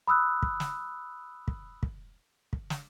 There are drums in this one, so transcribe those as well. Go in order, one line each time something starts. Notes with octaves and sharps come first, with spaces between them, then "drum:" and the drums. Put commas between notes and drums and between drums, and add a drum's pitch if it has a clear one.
B5 D#6 E6 F#6
drum: kick
drum: snare
drum: kick
drum: kick
drum: kick
drum: snare